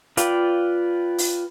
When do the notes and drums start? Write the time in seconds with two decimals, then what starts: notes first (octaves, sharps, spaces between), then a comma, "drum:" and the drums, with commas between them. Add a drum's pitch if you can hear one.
0.17 F4 B4 D5 F5 G5, drum: hi-hat
1.18 drum: open hi-hat